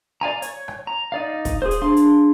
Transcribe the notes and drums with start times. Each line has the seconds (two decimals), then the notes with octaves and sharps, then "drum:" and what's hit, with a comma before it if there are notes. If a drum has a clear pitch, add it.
0.21 D5 F5 G#5 A#5
0.42 C#5, drum: hi-hat
0.68 drum: rim click
0.87 A#5
1.12 D#4 D5 F5
1.45 drum: kick, hi-hat
1.62 G#4 C5
1.71 drum: hi-hat
1.82 D4 G#4 F5 C6
1.97 drum: hi-hat